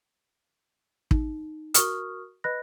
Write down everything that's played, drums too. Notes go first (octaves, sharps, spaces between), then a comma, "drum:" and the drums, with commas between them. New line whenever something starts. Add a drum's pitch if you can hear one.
D#4, drum: kick
F#4 A#4 C#6 D#6 F6, drum: hi-hat
B4 D#5 B5 F#6 A#6